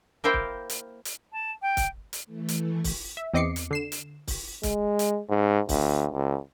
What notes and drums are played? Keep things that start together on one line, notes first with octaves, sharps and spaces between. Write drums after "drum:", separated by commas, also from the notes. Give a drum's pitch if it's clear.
A#3 E4 A#4 C5 F5 G5
drum: kick
drum: hi-hat
drum: hi-hat
A5
G5
drum: kick, hi-hat
drum: hi-hat
E3 A3
drum: hi-hat
drum: kick, open hi-hat
E5
E2 C4 D#5 D6 C7 C#7
drum: hi-hat
D3 C7 E7
drum: hi-hat
drum: kick, open hi-hat
G#3, drum: kick, hi-hat
drum: hi-hat
G#2
D2, drum: kick, open hi-hat
C#2